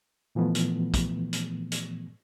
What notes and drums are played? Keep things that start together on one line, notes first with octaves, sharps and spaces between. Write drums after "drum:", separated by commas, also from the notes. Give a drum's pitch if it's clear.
A#2 E3 F3 A3 B3
drum: hi-hat
drum: kick, hi-hat
drum: hi-hat
drum: hi-hat